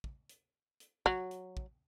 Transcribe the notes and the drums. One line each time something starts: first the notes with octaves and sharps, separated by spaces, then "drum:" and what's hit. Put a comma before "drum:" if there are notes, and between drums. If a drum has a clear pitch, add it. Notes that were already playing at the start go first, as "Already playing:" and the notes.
drum: kick
drum: hi-hat
drum: hi-hat
F#3, drum: kick
drum: hi-hat
drum: kick